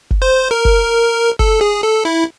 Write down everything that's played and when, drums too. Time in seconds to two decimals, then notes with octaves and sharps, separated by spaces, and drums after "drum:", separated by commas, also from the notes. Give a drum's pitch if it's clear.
0.11 drum: kick
0.22 C5
0.51 A#4
0.65 drum: kick
1.39 A4, drum: kick
1.61 G#4
1.83 A4
2.05 E4